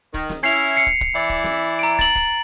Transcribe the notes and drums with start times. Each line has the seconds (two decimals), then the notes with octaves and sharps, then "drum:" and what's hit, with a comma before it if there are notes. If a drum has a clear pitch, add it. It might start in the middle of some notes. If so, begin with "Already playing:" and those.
0.14 D#3, drum: kick
0.29 drum: snare
0.44 C#4 E4 C7 F7
0.77 C7 C#7
0.87 drum: kick
1.01 drum: kick
1.15 E3 E4 D5
1.30 drum: kick
1.44 drum: snare
1.79 A#5 D7
1.99 A6 F#7, drum: kick
2.16 drum: kick